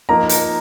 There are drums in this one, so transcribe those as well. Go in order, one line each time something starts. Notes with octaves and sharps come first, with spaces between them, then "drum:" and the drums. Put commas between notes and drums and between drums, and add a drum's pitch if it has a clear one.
F3 A#3 D#4 A#5
drum: hi-hat